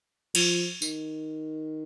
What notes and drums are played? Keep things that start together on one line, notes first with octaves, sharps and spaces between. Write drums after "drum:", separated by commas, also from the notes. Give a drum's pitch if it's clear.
F3, drum: cymbal
D#3, drum: tambourine